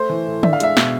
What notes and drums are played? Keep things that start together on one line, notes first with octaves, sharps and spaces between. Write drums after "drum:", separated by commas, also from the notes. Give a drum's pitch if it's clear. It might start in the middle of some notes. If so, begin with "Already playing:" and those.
Already playing: A3 C5
E3
A2
D4 E5, drum: tom D3
F5
G#3 E5, drum: hi-hat
B2, drum: snare